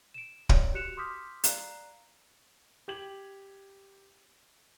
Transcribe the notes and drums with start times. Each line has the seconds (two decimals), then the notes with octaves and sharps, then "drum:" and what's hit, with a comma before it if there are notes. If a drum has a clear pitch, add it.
0.14 D7 E7
0.49 C#5 D5 D7, drum: kick
0.74 F#4 G4 F#6 C#7 E7 F7
0.97 C6 D6 D#6 F6 G6 B6
1.44 D5 F5 A#5 F#6 C7, drum: hi-hat
2.88 G4 G#6 F#7